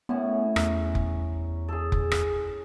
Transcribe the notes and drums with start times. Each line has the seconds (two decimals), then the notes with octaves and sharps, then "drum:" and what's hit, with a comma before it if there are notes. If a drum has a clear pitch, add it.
0.09 A2 B3 C#4
0.56 E2 A#5, drum: rim click
0.95 drum: kick F1
1.68 G#4 A4
1.92 drum: kick F1
2.11 drum: rim click